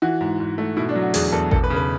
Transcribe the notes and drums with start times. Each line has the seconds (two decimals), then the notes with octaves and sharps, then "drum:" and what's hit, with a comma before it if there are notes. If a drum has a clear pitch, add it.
0.02 E3 F#4
0.21 G#2
0.40 G#2
0.58 A3
0.77 B2 E4
0.89 D4
0.95 F#3
1.02 F#4
1.14 E2 G#4, drum: open hi-hat
1.32 E2 A4
1.51 E1 A4, drum: kick A1
1.64 B4
1.70 C#3
1.76 B4